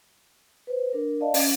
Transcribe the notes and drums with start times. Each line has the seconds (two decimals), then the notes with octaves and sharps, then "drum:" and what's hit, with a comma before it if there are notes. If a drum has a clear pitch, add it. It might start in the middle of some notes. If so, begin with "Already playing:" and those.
0.67 B4 C5
0.93 D4 A#4
1.20 D5 D#5 F5 A5
1.34 C#4, drum: open hi-hat